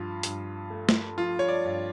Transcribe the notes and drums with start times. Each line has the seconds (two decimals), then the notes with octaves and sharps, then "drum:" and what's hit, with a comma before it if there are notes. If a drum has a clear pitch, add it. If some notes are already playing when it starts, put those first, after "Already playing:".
Already playing: G2 F3 F4
0.23 G2, drum: hi-hat
0.70 A3
0.89 drum: snare
1.17 F3 F4
1.39 C#5
1.48 D5
1.65 G2